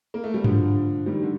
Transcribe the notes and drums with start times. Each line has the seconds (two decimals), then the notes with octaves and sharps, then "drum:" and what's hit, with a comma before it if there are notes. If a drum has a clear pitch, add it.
0.14 A#3
0.24 A3
0.34 G3
0.44 D3 F3, drum: tom G2
1.06 D#3 G3
1.23 D3